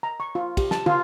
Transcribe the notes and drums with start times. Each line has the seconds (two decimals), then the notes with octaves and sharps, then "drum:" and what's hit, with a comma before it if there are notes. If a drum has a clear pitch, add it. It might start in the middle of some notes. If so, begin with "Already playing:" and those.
0.03 A#5
0.20 C#6
0.35 F4
0.57 G4, drum: kick, cymbal
0.71 A5, drum: snare
0.86 F4, drum: tom